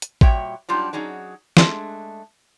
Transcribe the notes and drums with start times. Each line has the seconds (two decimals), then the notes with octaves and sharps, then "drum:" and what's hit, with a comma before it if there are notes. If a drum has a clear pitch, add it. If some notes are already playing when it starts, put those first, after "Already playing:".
0.02 drum: hi-hat
0.21 A#2 G3 F#4 C#5 E5 G5, drum: kick A1
0.69 F#3 G3 D4 D#4 F4 G4
0.93 F#3 C#4 D#4 G#4 D5
1.57 G#3 A3 D4 G#4, drum: snare